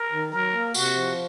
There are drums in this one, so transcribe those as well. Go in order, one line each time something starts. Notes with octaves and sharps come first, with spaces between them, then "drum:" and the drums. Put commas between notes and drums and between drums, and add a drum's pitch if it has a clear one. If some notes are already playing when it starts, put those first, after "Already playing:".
Already playing: A#4
D#3
F#3 A#4
A#3
C3 F#4, drum: tambourine
F3